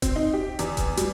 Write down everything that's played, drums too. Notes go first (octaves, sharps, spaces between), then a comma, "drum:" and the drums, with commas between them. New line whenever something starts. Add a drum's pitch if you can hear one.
C4, drum: kick E1, hi-hat
D#4
G4
E2, drum: hi-hat
drum: kick E1, hi-hat
G3, drum: hi-hat